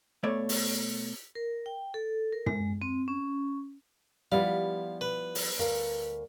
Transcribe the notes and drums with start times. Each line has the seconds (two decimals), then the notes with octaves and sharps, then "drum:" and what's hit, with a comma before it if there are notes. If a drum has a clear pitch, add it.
0.23 B2 A3 C#5 D5
0.49 drum: open hi-hat
1.35 A#4
1.66 G5
1.94 A4
2.33 A#4
2.46 G#3, drum: tom
2.82 C4
3.08 C#4
4.32 F3 G3 B3 E4 F4 F5
5.01 B4
5.35 drum: open hi-hat
5.59 D2 A#4 F5